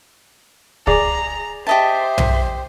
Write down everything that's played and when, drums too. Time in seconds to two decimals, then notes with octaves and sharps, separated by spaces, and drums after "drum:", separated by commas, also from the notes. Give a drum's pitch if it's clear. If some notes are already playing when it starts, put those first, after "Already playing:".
0.87 G#4 D5 A#5, drum: kick
1.67 G4 C5 D#5 E5 A5
2.18 drum: tom B1